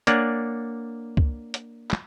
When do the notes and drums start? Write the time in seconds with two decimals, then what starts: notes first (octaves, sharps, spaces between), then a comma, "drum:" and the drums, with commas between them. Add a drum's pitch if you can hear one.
0.07 A#3 D4 C#5 D5 F#5 G#5, drum: hi-hat
1.17 drum: kick
1.54 drum: hi-hat
1.91 drum: clap